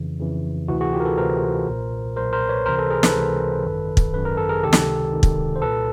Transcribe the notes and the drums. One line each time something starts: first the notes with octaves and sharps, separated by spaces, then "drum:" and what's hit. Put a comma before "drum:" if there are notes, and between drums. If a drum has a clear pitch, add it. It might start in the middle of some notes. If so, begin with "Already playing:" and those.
Already playing: F2 C#3 E3
F2 C#3 E3
D2 C3 E3 E4 F#4
F#4 G#4
F4 G4
A#4
A4 B4
D2 C3 E3 A#4 C5
B1 A#2
B1 A#2 A#4 C5
A#4 C5
B4 C#5
C#2 C3 E3 A#4 C5
A4 B4
G#4 A#4
A4 B4, drum: snare
C#2 C3 E3
G#1 F#2 D#3
drum: kick
G#1 F#2 D#3 B4
A#4
A4
G#4 A#4
C#2 C3 D#3 G4 A4
drum: snare
C#2 C3 D#3
drum: kick
C5
C2 A#2 A4 B4